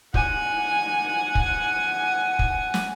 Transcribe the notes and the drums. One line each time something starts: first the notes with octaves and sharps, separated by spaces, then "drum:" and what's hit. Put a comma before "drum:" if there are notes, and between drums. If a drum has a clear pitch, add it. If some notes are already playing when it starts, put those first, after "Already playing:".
F#5 G#5, drum: kick
drum: kick
drum: kick
drum: snare